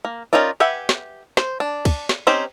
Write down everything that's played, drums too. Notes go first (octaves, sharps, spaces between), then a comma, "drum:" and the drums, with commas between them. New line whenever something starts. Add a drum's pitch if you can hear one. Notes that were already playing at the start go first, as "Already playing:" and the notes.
A#3
C#4 D#4 F4 A#4 D5
G4 B4 E5 F#5 G#5
drum: snare
C5, drum: snare
D4
drum: kick, cymbal
drum: snare
C4 C#4 D#4 G4 C5